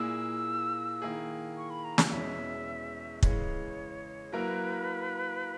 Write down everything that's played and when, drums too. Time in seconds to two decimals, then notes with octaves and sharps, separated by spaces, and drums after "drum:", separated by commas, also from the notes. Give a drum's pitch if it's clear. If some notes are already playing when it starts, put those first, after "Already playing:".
Already playing: A#2 A#3 E4 G#4 E6
1.02 D#3 A#3 E4 G#4
1.57 C#6
1.70 B5
1.84 A#5
1.98 G#5, drum: snare
2.11 E2 B2 G#3 C#4 E5
3.23 C#3 E3 G#3 C#5, drum: kick
4.32 F#3 A#3 E4 A#4 B4